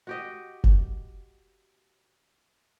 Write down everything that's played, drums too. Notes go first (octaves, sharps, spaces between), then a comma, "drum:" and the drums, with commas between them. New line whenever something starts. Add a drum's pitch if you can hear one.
F#4 G4 D#5
drum: kick F#1